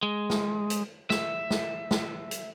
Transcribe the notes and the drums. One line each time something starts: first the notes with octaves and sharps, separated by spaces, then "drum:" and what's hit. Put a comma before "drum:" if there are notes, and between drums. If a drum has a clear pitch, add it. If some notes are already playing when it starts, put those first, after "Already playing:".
G#3
drum: snare
drum: hi-hat
E5, drum: snare
drum: snare
drum: snare
drum: hi-hat